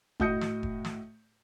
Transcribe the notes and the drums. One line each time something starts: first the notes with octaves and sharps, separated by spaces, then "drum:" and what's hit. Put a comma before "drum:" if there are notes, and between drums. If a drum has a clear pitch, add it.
A2 F#4 D#5 D#6 G6 C#7, drum: kick E1
drum: snare
drum: kick E1
drum: snare